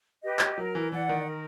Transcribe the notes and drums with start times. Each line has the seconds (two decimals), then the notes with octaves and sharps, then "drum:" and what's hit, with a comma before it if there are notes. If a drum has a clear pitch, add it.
0.23 G4 B4 D#5
0.39 drum: clap
0.57 F#3 A#4
0.75 E3
0.92 E3 D5 F#5
1.09 D#3
1.27 A#4